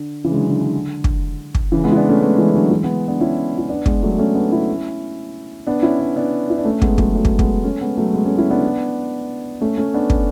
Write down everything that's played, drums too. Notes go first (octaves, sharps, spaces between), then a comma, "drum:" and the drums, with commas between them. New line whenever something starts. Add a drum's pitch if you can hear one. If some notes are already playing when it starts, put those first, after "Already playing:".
Already playing: D3
C#3 E3
G#3
D3 F#3
D3
D3
drum: kick
drum: kick
C#3 E3
G#3 B3
E4
B3 D4
A3 C#4
G#3 B3
E3 G#3
D3 F#3
E3 G#3
G#3 B3
B3 D4
C#4 E4
E4
B3 D4
G#3 B3, drum: kick
F#3 A3
A3 C#4
B3 D4
C#4 E4
B3 D4
C#4 E4
B3 D4
B3 D4
E4
D4
A3 C#4
G#3 B3, drum: kick
F#3 A3, drum: kick
F#3 A3
drum: kick
G#3 B3, drum: kick
A3 C#4
G#3 B3
F#3 A3
G#3 B3
A3 C#4
C#4 E4
B3 D4
A3 C#4
A3 C#4
B3 D4
drum: kick